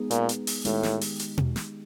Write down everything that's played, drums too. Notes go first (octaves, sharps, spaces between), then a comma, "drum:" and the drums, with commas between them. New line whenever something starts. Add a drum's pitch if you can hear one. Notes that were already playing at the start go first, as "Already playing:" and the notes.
Already playing: G#3 B3 D#4 G#4
A#2, drum: hi-hat
drum: hi-hat
drum: open hi-hat
A2 D#3 G#3 B3 D#4 G4, drum: hi-hat
drum: snare
drum: open hi-hat
drum: hi-hat
drum: tom B2
drum: snare